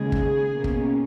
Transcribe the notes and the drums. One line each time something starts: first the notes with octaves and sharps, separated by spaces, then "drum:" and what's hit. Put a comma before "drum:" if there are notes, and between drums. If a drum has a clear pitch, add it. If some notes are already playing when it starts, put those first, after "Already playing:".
Already playing: D#2 C#3 G#3 G#4
drum: kick
B2 A#3 C#4
drum: kick